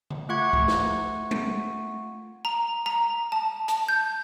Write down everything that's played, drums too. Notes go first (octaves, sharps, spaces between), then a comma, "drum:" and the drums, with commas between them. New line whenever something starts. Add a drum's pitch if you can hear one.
drum: tom C#3
A3 F4 F#5 C#6 G#6
drum: kick
drum: snare
drum: tom G3
A#5
A#5
A5
A5, drum: hi-hat
G6